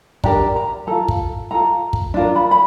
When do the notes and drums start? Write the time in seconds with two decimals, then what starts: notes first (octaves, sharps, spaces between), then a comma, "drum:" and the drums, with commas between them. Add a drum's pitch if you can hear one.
0.24 D4 G4 A#4 A#5, drum: kick
0.56 A#5
0.87 F4 A4 A#5
1.08 drum: kick
1.51 F4 A4 A#5
1.93 drum: kick
2.14 D4 F4 A#4
2.36 B5
2.51 B5